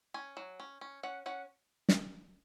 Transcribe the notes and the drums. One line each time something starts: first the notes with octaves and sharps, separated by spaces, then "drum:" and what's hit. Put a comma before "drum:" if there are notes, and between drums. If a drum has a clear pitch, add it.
C#4 G#5
F#3
C#4
C#4
C#4 F#5
C#4 F#5
drum: snare